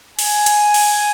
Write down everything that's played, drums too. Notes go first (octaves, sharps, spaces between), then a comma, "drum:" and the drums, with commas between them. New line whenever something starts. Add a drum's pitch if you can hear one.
G#5, drum: open hi-hat
drum: hi-hat
drum: open hi-hat